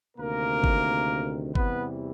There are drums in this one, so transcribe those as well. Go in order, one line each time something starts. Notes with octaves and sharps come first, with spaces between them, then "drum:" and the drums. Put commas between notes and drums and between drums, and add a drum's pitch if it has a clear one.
D2 C3 D#3 A#3 A#4
drum: kick G1
E2 C3 E3 G3 B3 B4, drum: kick G1